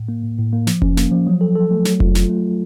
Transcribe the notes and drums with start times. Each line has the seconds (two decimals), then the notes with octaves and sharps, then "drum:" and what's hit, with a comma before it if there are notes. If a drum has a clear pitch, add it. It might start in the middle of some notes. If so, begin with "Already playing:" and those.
Already playing: A2
0.09 A#3
0.23 A2
0.39 A2
0.53 A#3
0.67 F3, drum: snare
0.82 C#4, drum: kick F1
0.97 A#3, drum: snare
1.11 F3
1.27 F#3
1.41 A4
1.55 A4
1.71 A3
1.85 F#3, drum: snare
2.00 F4, drum: kick F1
2.15 F4, drum: snare
2.30 A3